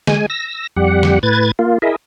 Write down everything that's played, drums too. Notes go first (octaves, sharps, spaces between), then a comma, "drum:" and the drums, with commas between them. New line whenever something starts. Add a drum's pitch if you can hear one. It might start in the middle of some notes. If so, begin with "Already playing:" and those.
G#3 G#5, drum: snare
E6 A#6
F2 G3 G4 F#5
drum: snare
A2 B4 G#6 A6
A#3 F4
E4 G#4 A#4 D#5 E5